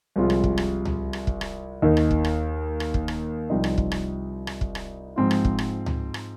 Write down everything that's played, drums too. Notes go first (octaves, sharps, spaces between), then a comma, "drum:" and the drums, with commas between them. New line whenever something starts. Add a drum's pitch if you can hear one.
C2 C3 F3 G#3 F4
drum: rim click
drum: kick
drum: rim click
drum: tom C#2
drum: rim click
drum: kick
drum: rim click
D#2 D#3 A#3 D#4
drum: rim click
drum: kick
drum: rim click
drum: rim click
drum: kick
drum: rim click
C2 C3 F3 C4 D#4
drum: rim click
drum: kick
drum: rim click
drum: rim click
drum: kick
drum: rim click
G#2 F3 C4 F4
drum: rim click
drum: kick
drum: rim click
drum: tom C#2
drum: rim click